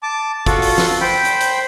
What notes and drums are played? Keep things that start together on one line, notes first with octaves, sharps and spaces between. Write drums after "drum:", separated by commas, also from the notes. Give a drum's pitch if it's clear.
A5 D6
F4 F#4 A4, drum: kick, hi-hat
drum: open hi-hat
drum: snare
C5 G5 B5
drum: hi-hat
drum: hi-hat